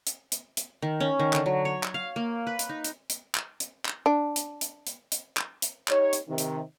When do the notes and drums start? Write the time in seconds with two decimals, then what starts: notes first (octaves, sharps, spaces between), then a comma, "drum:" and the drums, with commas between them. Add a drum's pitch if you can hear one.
0.07 drum: hi-hat
0.32 drum: hi-hat
0.57 drum: hi-hat
0.82 D#3
1.00 C#4
1.19 D#3
1.33 D3, drum: clap
1.46 F#3
1.65 C#5
1.83 drum: clap
1.94 F5
2.16 A#3
2.47 B4
2.59 drum: hi-hat
2.69 D#4
2.84 drum: hi-hat
3.10 drum: hi-hat
3.35 drum: clap
3.60 drum: hi-hat
3.86 drum: clap
4.06 D4
4.36 drum: hi-hat
4.61 drum: hi-hat
4.87 drum: hi-hat
5.12 drum: hi-hat
5.37 drum: clap
5.62 drum: hi-hat
5.88 D#4 G4 C#5, drum: clap
6.13 drum: hi-hat
6.28 C3 D#3
6.38 drum: hi-hat